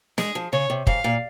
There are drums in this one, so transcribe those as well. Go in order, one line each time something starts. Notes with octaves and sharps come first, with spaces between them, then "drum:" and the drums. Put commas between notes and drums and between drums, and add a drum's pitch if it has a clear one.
G#3 G#4, drum: snare
F3
C#3 C#5
C3
G#2 F5, drum: kick
A#2